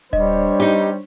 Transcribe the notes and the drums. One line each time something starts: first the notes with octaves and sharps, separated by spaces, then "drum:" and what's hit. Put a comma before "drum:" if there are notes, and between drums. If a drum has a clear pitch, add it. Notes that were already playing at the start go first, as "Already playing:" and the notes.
G3 D4 C5 C#5 D#5, drum: kick D#1
D#4 G4